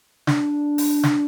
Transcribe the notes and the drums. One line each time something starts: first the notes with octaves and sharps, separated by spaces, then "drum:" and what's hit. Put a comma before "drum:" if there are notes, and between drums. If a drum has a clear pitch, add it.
D4, drum: snare
drum: open hi-hat
drum: snare